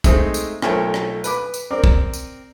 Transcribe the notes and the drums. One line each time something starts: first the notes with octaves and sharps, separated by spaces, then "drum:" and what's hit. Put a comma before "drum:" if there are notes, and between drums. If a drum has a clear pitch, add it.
G#3 A3 C4 D#4, drum: kick, tambourine
drum: tambourine
B1 F3 A3 A4 A#4 C#5, drum: rim click
drum: rim click
B4 B5 D6, drum: tambourine
drum: tambourine
C4 A#4 D5
drum: kick
drum: tambourine